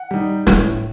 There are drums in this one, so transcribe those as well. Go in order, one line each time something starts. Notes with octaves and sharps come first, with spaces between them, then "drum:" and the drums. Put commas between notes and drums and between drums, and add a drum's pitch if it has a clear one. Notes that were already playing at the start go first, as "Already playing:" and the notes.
Already playing: F#5
G3 D#4
A2, drum: snare